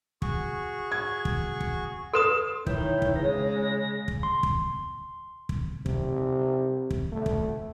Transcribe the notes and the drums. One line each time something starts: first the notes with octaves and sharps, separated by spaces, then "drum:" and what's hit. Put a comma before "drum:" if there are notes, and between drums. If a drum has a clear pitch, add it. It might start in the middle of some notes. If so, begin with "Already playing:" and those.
F#4 G#4 C#6, drum: kick
G#6
drum: kick
drum: kick
A4 B4 C6 D#6 E7
D#3 E4 B4 C#5 G5, drum: kick
drum: kick
C#3 G#3 A#6
drum: kick
C6
drum: kick
drum: kick
C3, drum: kick
drum: kick
A3
drum: kick